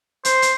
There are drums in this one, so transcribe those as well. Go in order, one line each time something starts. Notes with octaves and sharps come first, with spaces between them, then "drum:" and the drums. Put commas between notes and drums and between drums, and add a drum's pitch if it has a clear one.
C5, drum: hi-hat
drum: hi-hat